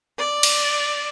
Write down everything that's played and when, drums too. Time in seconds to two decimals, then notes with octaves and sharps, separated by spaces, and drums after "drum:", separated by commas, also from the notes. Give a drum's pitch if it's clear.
0.18 D5
0.43 drum: cymbal